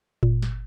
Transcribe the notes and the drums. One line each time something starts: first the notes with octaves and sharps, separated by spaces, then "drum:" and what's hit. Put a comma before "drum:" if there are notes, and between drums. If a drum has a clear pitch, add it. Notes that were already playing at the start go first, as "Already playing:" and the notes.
A#2, drum: kick G1
drum: snare